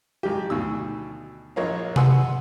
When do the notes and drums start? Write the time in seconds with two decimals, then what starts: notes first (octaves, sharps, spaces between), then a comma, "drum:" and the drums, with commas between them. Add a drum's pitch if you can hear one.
0.23 G#1 G4
0.50 D2 B2 D#3 E6
1.56 A#1 A#4 C#5 D#5 F5
1.96 B4 F#5 C6 E6, drum: tom C3